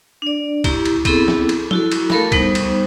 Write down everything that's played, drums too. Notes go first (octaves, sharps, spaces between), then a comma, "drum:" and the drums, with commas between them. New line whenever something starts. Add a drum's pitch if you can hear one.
D4 D5
A#3 E4 G4, drum: kick, cymbal
drum: cymbal
B3 C4 E4 G#4 A4, drum: kick, cymbal
drum: snare
drum: cymbal
E4 F#4 A4, drum: tom F3
drum: cymbal
A3 A4 A#4 F5 B5, drum: snare
G3 B3 D#4 C5, drum: kick, cymbal
drum: cymbal